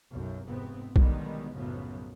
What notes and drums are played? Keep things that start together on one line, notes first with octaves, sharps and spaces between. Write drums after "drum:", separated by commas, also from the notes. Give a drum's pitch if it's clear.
B1 F#2
F1 G#2 B3 C4
B1 D3 D#3 G3 G#3 B3, drum: kick B1
B1 F#2 A2 C#3 F3 B3